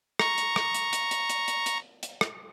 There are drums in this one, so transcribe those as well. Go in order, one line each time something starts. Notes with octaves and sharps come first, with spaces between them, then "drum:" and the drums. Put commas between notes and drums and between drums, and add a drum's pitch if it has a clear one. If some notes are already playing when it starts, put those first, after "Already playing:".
A#5 C#6, drum: rim click
drum: hi-hat
drum: rim click
drum: hi-hat
drum: hi-hat
drum: hi-hat
drum: hi-hat
drum: hi-hat
drum: hi-hat
drum: hi-hat
drum: rim click